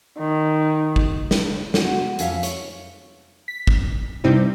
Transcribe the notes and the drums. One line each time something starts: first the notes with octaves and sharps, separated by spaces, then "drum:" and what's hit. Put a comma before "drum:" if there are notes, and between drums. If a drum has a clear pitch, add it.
D#3
drum: kick
drum: snare
G#3 B3 F#4, drum: snare
F2 C#4 E5 F5, drum: hi-hat
C#5, drum: hi-hat
B6
drum: kick
G2 C3 G3 C4 D#4 E4